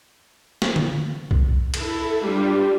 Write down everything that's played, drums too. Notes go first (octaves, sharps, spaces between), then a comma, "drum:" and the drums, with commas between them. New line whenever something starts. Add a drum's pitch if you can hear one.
drum: snare
drum: tom D3
drum: kick B1
E4 A4, drum: cymbal
G3 D4 F4 G4